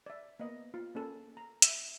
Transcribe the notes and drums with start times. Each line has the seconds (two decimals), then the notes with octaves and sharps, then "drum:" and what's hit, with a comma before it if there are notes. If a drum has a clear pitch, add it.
0.06 D5 E5
0.40 A#3 B3 D#5
0.74 F4
0.95 A#3 C#4 A4
1.37 A#5
1.62 E5, drum: hi-hat